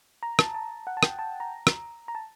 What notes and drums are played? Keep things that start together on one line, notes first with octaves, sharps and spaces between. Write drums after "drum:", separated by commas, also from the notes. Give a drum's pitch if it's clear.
A#5
A5, drum: rim click
A5
F#5
A5
G5, drum: rim click
A5
A#5
drum: rim click
A#5
A5